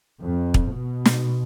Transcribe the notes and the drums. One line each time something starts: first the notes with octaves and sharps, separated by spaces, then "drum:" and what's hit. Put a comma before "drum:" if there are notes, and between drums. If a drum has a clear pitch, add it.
F2
drum: kick
B2
drum: snare